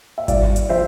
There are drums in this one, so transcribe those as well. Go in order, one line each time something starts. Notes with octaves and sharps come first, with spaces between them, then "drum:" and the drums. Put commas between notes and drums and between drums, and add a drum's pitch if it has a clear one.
E5
C2 D5 F5, drum: kick G#1, hi-hat
drum: hi-hat
F3 C5 E5